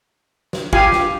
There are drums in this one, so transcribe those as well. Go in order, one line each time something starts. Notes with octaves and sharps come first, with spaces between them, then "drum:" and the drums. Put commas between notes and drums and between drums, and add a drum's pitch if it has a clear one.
drum: snare
F4 G4 F5 G#5, drum: kick
drum: snare